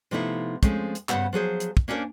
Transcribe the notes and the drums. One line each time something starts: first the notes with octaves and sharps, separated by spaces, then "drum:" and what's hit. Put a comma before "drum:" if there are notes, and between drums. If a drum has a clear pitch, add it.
C3 F3 A3 B3 D#4 E4
F3 G#3 A3 C4 C#4, drum: kick, hi-hat
drum: hi-hat
G2 C#3 A#3 B3 C5 F#5, drum: clap
F3 F#3 G#4 C5
drum: hi-hat
drum: kick
A#3 C#4 D4 G4 A#4 C5